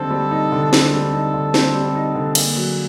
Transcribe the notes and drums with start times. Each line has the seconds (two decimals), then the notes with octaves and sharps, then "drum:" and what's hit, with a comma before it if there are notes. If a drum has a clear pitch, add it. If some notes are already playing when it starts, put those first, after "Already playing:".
Already playing: D3 G3 C4 D#4 A4
0.10 G3
0.31 D#4
0.52 D3
0.73 C4 A4, drum: snare
0.93 G3
1.13 D#4
1.34 D3
1.54 C4, drum: snare
1.74 G3
1.95 D#4
2.15 D3
2.35 A#3 G#4, drum: cymbal
2.56 F#3